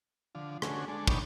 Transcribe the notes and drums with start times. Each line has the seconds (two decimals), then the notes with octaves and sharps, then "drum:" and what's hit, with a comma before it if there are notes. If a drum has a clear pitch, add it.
0.35 D3 F3
0.62 D3 A3 C#4 F#4 G#4, drum: rim click
0.88 G#3 D4 A4
1.07 A#2 D3 D#4 C#5 G5 B5, drum: kick